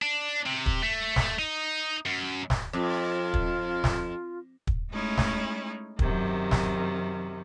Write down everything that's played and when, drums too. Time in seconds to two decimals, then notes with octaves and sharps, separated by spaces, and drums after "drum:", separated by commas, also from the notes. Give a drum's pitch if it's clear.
0.02 D4
0.46 C3
0.66 drum: kick
0.83 A3
1.16 drum: snare
1.39 D#4
2.06 F#2
2.50 drum: snare
2.73 F2 F4
3.34 drum: kick
3.84 drum: snare
4.67 drum: kick
4.91 G#3 A3 C#4 D#4 E4
5.17 drum: snare
5.99 F#2 C3 D#3, drum: kick
6.51 drum: snare